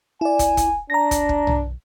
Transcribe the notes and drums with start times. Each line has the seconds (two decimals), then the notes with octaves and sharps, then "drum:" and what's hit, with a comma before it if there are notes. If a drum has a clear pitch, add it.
0.21 E4 D5 G#5
0.39 drum: kick, hi-hat
0.57 drum: kick, hi-hat
0.90 D4 A#5 A#6
1.11 drum: kick, hi-hat
1.29 drum: kick
1.47 drum: tom